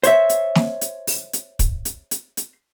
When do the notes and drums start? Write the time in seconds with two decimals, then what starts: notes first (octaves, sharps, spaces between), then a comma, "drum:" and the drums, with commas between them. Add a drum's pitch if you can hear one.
0.03 C5 C#5 E5, drum: hi-hat
0.29 drum: hi-hat
0.55 drum: snare
0.81 drum: hi-hat
1.07 drum: open hi-hat
1.33 drum: hi-hat
1.59 drum: kick, hi-hat
1.85 drum: hi-hat
2.11 drum: hi-hat
2.37 drum: hi-hat